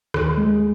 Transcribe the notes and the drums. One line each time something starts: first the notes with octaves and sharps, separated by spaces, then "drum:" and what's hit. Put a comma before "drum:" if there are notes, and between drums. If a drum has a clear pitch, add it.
D#2, drum: rim click
G#3